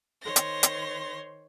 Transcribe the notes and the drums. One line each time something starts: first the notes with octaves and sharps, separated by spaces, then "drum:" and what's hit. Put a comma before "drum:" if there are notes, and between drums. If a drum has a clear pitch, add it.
D#3 C5 C#5 C6 A#6
drum: hi-hat
drum: hi-hat